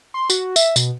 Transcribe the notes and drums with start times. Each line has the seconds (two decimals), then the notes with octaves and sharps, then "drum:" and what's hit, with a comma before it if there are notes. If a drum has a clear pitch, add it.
0.14 C6
0.30 F#4, drum: tambourine
0.56 E5, drum: tambourine
0.76 B2, drum: tambourine